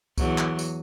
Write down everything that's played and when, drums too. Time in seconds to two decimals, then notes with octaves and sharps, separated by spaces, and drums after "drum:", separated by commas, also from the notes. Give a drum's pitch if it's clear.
0.18 E2 F#3, drum: kick C2, tambourine
0.38 drum: clap
0.59 drum: tambourine